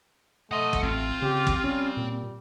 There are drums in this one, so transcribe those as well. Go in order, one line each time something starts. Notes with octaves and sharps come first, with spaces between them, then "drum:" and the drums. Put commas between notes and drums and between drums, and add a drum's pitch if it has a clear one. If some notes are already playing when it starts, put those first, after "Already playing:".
A3 D#5 F#5 C6
drum: kick
A1 C4 F4
C#3 G4
drum: kick
G3 C#4
A#2